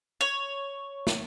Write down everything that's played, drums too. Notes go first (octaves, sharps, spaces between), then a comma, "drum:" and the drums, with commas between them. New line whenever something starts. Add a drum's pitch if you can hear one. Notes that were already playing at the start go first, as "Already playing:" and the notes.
C#5
drum: snare